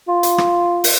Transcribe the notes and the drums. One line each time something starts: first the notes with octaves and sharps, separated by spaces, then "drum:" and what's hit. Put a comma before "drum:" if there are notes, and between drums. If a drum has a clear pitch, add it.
F4
drum: hi-hat
drum: rim click
drum: open hi-hat